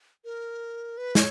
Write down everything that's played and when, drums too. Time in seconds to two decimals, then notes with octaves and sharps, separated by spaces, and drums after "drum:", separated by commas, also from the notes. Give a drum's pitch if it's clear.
0.25 A#4
0.98 B4
1.15 C#5, drum: snare